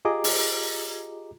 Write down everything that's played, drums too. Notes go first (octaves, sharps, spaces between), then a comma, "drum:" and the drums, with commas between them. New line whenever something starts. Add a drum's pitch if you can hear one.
F4 G4 G#4 D#5 A#5 D6
drum: open hi-hat